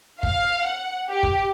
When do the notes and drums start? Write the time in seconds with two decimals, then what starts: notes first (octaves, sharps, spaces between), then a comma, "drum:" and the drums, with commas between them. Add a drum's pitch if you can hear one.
0.23 F5, drum: kick
0.65 F#5
1.09 G4
1.23 drum: kick